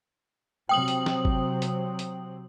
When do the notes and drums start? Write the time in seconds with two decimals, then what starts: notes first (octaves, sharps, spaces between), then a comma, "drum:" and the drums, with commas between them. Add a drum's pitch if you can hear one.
0.69 C3 F#3 C4 G5 D#6 F#7
0.88 drum: hi-hat
1.06 drum: snare
1.25 drum: kick G1
1.62 drum: hi-hat
1.99 drum: hi-hat